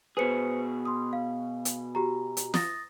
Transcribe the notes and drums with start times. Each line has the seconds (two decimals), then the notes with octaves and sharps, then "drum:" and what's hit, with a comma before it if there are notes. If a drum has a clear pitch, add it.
0.17 B2 G#4 B4 C5 C#7
0.85 C6 D#6
1.13 F5
1.65 drum: hi-hat
1.95 F#4 G4 A#5
2.37 drum: hi-hat
2.54 D#6 A6 A#6, drum: snare